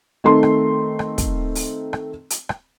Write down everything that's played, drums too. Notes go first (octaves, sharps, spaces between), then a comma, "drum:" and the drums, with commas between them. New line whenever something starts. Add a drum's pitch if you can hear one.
D#3 A3 C4 C6
drum: rim click
drum: rim click
drum: kick, hi-hat
drum: open hi-hat
drum: rim click
drum: hi-hat
drum: rim click